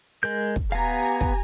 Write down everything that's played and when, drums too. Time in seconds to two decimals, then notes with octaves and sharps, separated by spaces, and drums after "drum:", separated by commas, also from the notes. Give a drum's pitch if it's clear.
0.23 G#3 A#4 G6
0.56 drum: kick
0.72 B3 G4 F5 G#5 A#5
1.21 drum: kick